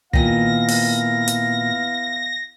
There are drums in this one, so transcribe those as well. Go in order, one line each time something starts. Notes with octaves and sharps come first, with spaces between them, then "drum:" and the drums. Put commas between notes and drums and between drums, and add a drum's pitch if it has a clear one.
A#2 D#3 B3 E4 F5 A#6, drum: kick
drum: open hi-hat
drum: hi-hat